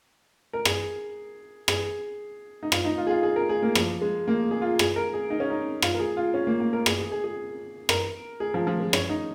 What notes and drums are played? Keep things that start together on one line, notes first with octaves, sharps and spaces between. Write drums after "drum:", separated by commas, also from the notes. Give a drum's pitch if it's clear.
A#4
G#4, drum: rim click
G#4, drum: rim click
D#4
F4, drum: rim click
D#4
F4
G#4
F4
G#4
A#4
G#4
A#3
F3, drum: rim click
G#3
A#3
G#4
F4
G#4, drum: rim click
A#4
G#4
D#4
C#4
D#4
F4, drum: rim click
A#4
G#4
F4
C#4
A#3
A#3
A#4
G#4, drum: rim click
G#4
G#4
G#4
A#4, drum: rim click
G#4
F3
F3
G#3
C#4, drum: rim click
D#4